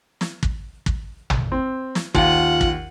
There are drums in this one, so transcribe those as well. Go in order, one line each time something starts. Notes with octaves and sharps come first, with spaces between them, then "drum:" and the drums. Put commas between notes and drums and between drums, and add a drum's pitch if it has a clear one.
drum: snare
drum: kick
drum: kick
drum: tom
C4
drum: snare
D#2 F4 F5 F#5, drum: kick
drum: kick